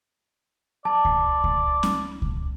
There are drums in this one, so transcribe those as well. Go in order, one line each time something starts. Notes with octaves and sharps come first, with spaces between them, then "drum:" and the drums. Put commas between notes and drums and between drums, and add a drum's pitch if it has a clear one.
D5 A5
drum: kick C#2
drum: kick C#2
drum: snare C#4
drum: kick C#2